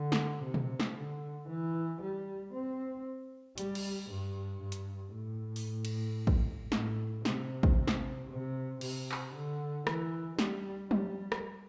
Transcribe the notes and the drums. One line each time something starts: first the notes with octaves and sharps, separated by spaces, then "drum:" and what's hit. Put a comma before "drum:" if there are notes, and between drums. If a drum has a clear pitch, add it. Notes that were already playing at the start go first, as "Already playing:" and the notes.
Already playing: D3
drum: snare
C3
drum: tom
drum: snare
D3
E3
G3
C4
G3, drum: hi-hat
drum: cymbal
G2
G2
drum: hi-hat
A2
drum: open hi-hat
drum: cymbal
drum: kick
A2, drum: snare
C3, drum: snare
drum: kick
drum: snare
C3
C3, drum: cymbal
drum: clap
D3
E3, drum: rim click
G3, drum: snare
G3, drum: tom
drum: rim click